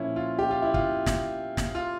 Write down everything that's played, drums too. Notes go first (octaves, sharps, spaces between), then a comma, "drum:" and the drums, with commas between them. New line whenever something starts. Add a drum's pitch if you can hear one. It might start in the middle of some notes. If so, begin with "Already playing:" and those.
Already playing: A#2 F3 C#4 E4
F4
G4
F4
E4
F4, drum: kick
drum: snare
drum: snare
F4